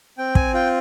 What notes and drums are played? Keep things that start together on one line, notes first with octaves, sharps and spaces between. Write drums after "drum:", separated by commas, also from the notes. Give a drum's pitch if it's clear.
C4 G5
G#5, drum: kick
F4 G5